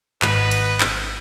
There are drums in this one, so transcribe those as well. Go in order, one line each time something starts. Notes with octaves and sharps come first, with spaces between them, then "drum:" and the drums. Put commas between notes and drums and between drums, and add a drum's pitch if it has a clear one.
G#1 B3 D#4 B4, drum: clap
drum: cymbal
drum: clap